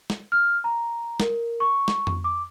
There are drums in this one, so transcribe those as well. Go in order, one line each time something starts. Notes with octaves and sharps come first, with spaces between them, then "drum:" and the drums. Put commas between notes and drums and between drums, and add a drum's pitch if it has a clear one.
drum: snare
F6
A#5
A#4, drum: snare
C#6
drum: snare
drum: tom F2
D6